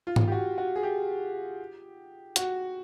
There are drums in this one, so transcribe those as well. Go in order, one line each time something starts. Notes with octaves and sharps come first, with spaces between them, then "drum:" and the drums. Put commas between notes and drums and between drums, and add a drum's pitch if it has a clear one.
F4
drum: tom G#2
G4
F#4
F#4
G#4
G4
F#4, drum: hi-hat